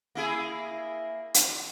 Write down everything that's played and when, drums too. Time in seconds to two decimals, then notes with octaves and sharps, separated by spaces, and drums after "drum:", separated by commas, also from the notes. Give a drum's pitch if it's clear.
0.15 A#3 E4 G#4
1.34 drum: hi-hat